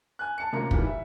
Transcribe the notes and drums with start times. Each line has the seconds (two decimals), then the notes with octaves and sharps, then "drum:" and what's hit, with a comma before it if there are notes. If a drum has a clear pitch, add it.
0.19 G#5 F#6
0.38 A5 C#7
0.53 C3 A#3 C#4 F4 A#5 C#7
0.71 A#2 D#3 E3 G3, drum: kick
0.87 E5